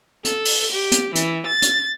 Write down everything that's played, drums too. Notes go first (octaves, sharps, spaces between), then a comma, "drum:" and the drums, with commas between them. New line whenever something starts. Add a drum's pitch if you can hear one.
A4, drum: hi-hat
drum: open hi-hat
G4
drum: hi-hat
E3, drum: hi-hat
A6
drum: hi-hat